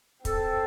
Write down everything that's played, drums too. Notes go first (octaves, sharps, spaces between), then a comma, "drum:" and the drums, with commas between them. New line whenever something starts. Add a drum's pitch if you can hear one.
C4 A4, drum: kick, hi-hat